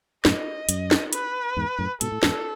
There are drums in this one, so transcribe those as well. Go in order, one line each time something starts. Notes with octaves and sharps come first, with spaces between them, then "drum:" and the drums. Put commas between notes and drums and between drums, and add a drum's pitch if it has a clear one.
F#2 A2 D#5, drum: snare
F#2, drum: hi-hat
drum: snare
B4, drum: hi-hat
E2 G#2
F#2 A2
G#2 B2 A4, drum: hi-hat
A2
E2 G#2, drum: snare